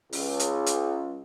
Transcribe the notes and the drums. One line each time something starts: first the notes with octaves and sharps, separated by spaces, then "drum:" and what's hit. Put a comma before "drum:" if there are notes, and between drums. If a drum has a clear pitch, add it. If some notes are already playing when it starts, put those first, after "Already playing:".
C#2, drum: open hi-hat
drum: hi-hat
drum: hi-hat